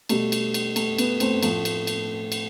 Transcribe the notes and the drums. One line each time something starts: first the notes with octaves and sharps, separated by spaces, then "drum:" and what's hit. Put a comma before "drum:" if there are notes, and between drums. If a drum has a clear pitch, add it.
B2 G3 A3, drum: cymbal
drum: cymbal
drum: cymbal
A3, drum: cymbal
B3, drum: cymbal
A3 C4, drum: cymbal
A2 F3 A3, drum: cymbal
drum: cymbal
drum: cymbal
drum: cymbal